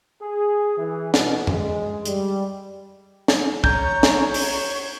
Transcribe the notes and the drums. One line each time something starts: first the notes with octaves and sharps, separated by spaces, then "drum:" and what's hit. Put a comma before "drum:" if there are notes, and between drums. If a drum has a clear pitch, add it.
G#4
E3
B2, drum: snare
G#3, drum: tom F#2
G3, drum: hi-hat
drum: snare
C#5 A#5 G6, drum: kick
drum: snare
drum: open hi-hat